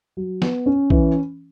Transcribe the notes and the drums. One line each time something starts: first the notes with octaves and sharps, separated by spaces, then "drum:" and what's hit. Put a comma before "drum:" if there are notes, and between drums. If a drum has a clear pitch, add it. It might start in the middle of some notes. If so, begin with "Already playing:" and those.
F#3
B3, drum: snare
C#4
E3, drum: kick A#1